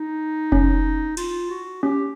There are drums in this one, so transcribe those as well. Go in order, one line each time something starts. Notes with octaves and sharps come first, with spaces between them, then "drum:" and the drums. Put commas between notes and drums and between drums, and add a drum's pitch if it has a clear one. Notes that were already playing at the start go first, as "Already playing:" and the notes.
Already playing: D#4
C#4, drum: kick F1
F4, drum: cymbal
F#4
C#4 G4